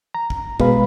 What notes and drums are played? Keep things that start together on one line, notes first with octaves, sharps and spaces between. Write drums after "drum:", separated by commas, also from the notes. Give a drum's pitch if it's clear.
A#5
drum: kick
B2 G#3 B4 F5 B5, drum: kick